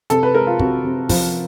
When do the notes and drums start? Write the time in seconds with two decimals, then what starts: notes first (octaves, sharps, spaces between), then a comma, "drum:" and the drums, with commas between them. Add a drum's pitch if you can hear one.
0.10 C3 A4, drum: hi-hat
0.23 B4
0.35 G#3 A#4
0.47 F4
0.59 C3 F#4, drum: kick
0.84 C3
1.09 F3, drum: kick, open hi-hat